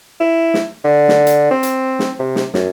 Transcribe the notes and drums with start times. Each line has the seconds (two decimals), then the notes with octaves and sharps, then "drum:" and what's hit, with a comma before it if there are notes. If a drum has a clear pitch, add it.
0.20 E4
0.54 drum: snare
0.84 D3
1.08 drum: snare
1.27 drum: hi-hat
1.51 C4
1.63 drum: hi-hat
1.99 drum: snare
2.19 C3
2.36 drum: snare
2.54 F#2, drum: snare